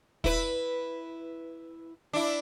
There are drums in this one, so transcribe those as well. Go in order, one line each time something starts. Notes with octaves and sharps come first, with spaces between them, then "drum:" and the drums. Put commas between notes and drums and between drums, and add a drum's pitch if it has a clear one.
E4 B4, drum: kick
D4 E4